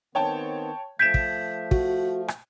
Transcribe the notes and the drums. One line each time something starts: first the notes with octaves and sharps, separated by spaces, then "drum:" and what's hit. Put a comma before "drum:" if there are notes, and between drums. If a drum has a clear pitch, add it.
D#3 B3 C4 C#5 G5 A5
F3 A3 G6 G#6 B6 D7 E7
drum: kick
F#4, drum: kick
drum: rim click